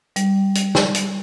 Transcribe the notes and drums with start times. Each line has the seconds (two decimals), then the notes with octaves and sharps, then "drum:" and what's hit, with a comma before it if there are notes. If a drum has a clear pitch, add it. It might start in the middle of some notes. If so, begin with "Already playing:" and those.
0.16 G3, drum: hi-hat
0.55 drum: hi-hat
0.75 drum: snare
0.94 drum: hi-hat